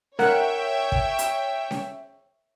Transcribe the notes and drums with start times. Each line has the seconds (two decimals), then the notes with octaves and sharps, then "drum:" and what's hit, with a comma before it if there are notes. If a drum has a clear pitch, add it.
0.19 A#4 C#5 E5 F#5 G5, drum: snare C#4
0.92 drum: kick
1.19 drum: hi-hat
1.71 drum: snare C#4